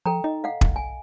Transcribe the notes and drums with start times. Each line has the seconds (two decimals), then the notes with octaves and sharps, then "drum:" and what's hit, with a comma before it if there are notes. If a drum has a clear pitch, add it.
0.06 F3 A4 G5 A#5
0.24 D#4 D#5
0.44 F5 F#5
0.61 B1, drum: kick
0.76 G#5